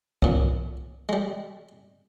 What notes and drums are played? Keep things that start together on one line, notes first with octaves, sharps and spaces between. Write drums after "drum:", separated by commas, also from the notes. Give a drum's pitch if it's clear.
A1 A#2, drum: kick C2
G3 G#3